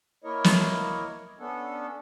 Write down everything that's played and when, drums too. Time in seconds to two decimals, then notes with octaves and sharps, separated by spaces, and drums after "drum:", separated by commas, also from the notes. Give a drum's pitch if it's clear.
0.24 A#3 E4 A#4 C#5 D#5
0.44 drum: snare
1.39 B3 C#4 D4 A4